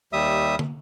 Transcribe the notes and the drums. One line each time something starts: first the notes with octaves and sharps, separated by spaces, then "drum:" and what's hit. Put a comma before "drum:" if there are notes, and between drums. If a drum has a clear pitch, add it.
D#2 G3 E5 D#6
drum: tom